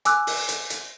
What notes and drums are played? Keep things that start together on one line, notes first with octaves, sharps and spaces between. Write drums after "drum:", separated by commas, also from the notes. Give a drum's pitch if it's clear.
G#5 D6 E6 F#6, drum: hi-hat
drum: open hi-hat
drum: hi-hat
drum: hi-hat